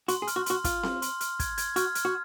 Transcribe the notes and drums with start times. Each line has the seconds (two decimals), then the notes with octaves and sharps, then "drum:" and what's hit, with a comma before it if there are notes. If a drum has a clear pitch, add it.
0.08 F#4 C6, drum: hi-hat
0.22 G#4
0.27 F6, drum: hi-hat
0.36 F#4
0.46 F#4 C6, drum: hi-hat
0.64 F4 F6, drum: kick, hi-hat
0.83 C6, drum: snare C4
1.02 C6, drum: hi-hat
1.21 F6, drum: hi-hat
1.40 G#6, drum: kick, hi-hat
1.58 G#6, drum: hi-hat
1.76 F#4 F6, drum: hi-hat
1.95 F6, drum: hi-hat
2.05 F#4